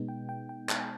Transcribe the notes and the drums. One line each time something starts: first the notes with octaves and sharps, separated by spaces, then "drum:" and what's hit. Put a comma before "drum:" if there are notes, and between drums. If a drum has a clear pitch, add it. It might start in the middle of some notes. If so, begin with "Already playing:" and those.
Already playing: B2 G#3 B3 D#4
G5
G5
G5
A5, drum: clap
G#5